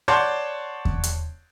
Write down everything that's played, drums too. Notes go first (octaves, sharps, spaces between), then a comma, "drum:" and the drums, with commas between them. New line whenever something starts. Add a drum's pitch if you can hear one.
C#5 D5 F#5 A5 C6 G6
drum: kick E2
drum: hi-hat